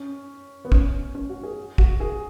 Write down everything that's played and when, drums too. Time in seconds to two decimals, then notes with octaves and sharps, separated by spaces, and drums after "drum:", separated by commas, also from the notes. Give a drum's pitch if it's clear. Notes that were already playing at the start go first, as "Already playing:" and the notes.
Already playing: C#4
0.65 B3
0.72 C#4, drum: kick
1.15 C#4
1.29 F#4
1.43 G#4
1.78 F#4, drum: kick
2.00 G#4